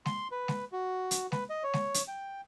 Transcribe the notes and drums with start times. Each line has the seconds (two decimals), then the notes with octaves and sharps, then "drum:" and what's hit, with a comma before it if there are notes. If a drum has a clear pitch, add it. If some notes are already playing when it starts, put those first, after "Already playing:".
0.06 C6, drum: snare G#3
0.32 B4
0.48 drum: snare G#3
0.72 F#4
1.11 drum: hi-hat
1.32 B4, drum: snare G#3
1.50 D#5
1.63 C#5
1.73 drum: snare G#3
1.94 drum: hi-hat
2.08 G5